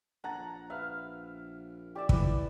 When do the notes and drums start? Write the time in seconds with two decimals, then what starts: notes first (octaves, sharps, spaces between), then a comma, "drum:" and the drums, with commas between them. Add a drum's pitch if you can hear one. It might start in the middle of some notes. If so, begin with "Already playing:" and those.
0.24 A#1 F#5 A5 A#5 A6
0.70 B4 E5 F5 F6
1.95 G4 D5 E5
2.09 E3 B4, drum: kick